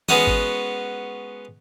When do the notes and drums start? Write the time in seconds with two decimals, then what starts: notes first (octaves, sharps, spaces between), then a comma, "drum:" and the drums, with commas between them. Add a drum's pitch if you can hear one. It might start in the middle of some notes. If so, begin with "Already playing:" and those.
0.09 G#3 B3 C#4 F#4 D#5, drum: tom E3
0.27 drum: kick G#1